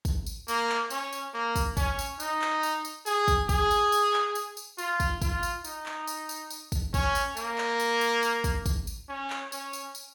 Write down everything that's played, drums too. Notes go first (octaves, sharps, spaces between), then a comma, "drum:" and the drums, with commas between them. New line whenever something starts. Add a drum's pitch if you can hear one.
drum: kick, tambourine
drum: tambourine
A#3, drum: tambourine
drum: clap
C#4, drum: tambourine
drum: tambourine
A#3
drum: kick, tambourine
C#4, drum: kick, tambourine
drum: tambourine
D#4, drum: tambourine
drum: clap
drum: tambourine
drum: tambourine
G#4, drum: tambourine
drum: kick, tambourine
G#4, drum: kick, tambourine
drum: tambourine
drum: tambourine
drum: clap
drum: tambourine
drum: tambourine
F4, drum: tambourine
drum: kick, tambourine
F4, drum: kick, tambourine
drum: tambourine
D#4, drum: tambourine
drum: clap
drum: tambourine
drum: tambourine
drum: tambourine
drum: kick, tambourine
C#4, drum: kick, tambourine
drum: tambourine
A#3, drum: tambourine
drum: clap
drum: tambourine
drum: tambourine
drum: tambourine
drum: kick, tambourine
drum: kick, tambourine
drum: tambourine
C#4
drum: clap
C#4, drum: tambourine
drum: tambourine
drum: tambourine